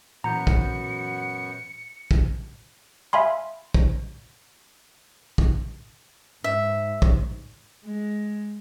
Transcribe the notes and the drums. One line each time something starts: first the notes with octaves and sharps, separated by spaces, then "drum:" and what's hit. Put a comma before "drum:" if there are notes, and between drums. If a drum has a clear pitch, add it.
F#2 A#2 E3 B3 F#4 A#5 G6 C#7
drum: kick
drum: kick
E5 F5 G#5 B5 C6
drum: kick
drum: kick
G#2 E5
drum: kick
G#3